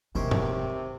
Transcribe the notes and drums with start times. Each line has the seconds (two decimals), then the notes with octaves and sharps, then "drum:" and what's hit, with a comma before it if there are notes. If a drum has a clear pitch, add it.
0.15 E1 C3 D#3 C4 C#4 C5
0.31 drum: tom G2